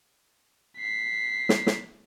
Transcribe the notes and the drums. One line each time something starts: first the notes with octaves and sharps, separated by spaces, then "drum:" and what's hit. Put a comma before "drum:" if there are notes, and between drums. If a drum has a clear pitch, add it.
B6 C7
drum: snare
drum: snare